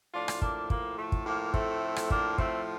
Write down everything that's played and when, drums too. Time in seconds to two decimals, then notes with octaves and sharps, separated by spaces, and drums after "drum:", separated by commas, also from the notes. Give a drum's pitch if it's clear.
0.13 A2 F3 D4 F4
0.28 drum: rim click
0.42 A#3 D4, drum: kick
0.70 A#3, drum: kick
0.98 A3
1.12 drum: kick
1.26 A2 F3 A#3
1.54 A3 C4, drum: kick
1.96 drum: rim click
2.10 A#3 D4, drum: kick
2.38 A2 F3 A3 C4, drum: kick